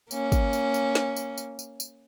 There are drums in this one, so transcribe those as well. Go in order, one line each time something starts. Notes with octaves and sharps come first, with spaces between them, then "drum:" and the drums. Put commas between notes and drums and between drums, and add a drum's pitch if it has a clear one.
A#3 C#4, drum: tambourine
drum: kick, tambourine
drum: tambourine
drum: tambourine
drum: snare
drum: tambourine
drum: tambourine
drum: tambourine
drum: tambourine